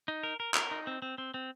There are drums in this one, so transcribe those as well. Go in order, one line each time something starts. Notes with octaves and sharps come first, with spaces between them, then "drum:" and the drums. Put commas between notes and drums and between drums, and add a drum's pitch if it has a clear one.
D#4
A#4
A#4
A#4, drum: clap
D#4
C4
C4
C4
C4